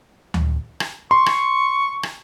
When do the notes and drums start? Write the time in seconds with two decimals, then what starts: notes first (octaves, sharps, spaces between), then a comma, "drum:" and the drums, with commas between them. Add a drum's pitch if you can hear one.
0.34 drum: tom D2
0.80 drum: rim click
1.11 C6 C#6
1.26 drum: rim click
2.03 drum: rim click